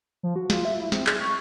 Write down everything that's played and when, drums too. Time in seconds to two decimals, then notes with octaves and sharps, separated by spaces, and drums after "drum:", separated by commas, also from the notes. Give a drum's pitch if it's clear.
0.23 F3
0.36 F#4
0.50 F4, drum: snare
0.65 E5
0.80 E4
0.92 C4, drum: snare
1.07 G#4, drum: clap
1.20 C#6